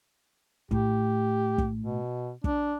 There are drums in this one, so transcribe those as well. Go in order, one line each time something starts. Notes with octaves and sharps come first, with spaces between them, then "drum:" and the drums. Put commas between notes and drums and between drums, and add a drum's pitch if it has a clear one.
A2 G4, drum: kick
drum: kick
B2
D4, drum: kick